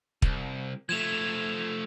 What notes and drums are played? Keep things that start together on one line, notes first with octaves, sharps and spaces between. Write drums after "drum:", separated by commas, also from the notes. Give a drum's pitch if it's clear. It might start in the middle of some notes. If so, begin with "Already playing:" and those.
C2, drum: kick
F3 A3 G#6 E7 F7